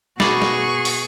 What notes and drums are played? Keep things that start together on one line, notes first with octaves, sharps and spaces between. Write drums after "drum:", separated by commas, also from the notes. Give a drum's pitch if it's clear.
B2 F#4 G#4 B5 C#6 D6 A6, drum: snare
drum: snare
drum: open hi-hat